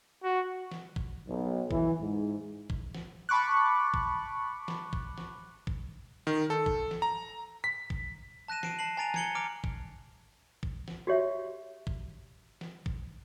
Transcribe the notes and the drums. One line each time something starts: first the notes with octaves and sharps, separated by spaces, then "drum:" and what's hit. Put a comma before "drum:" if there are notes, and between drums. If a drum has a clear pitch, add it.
F#4
drum: snare
drum: kick
B1
E3, drum: kick
G#2
drum: kick
drum: snare
A5 B5 C#6 D6 F#6
drum: kick
drum: snare
drum: kick
drum: snare
drum: kick
D#3
A4
drum: kick
drum: snare
A#5
B6
drum: kick
A5 F#6 A#6 D#7 E7
C7 D7 D#7, drum: snare
A5 C7 F#7
G#5 A#5 A6 D7 F7
G#5 G#6 C#7 F#7 G7, drum: snare
A#5 D6 F6 D7
drum: kick
drum: kick
drum: snare
F#4 G4 C#5 E5
drum: kick
drum: snare
drum: kick